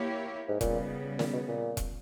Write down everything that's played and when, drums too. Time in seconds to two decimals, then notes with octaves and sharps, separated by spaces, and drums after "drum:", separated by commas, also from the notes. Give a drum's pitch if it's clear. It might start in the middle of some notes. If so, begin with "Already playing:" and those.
Already playing: A#3 E4 G4 C#5
0.49 G#2
0.61 A#2 C#3 G3 B3, drum: kick E1, hi-hat
1.19 A#2, drum: snare
1.33 B2
1.48 A#2
1.77 drum: kick E1, hi-hat